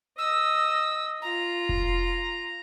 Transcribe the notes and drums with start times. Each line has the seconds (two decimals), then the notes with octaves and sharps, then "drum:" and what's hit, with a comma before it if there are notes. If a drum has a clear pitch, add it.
0.18 D#5 E6
1.22 F4 A#5
1.69 drum: kick F1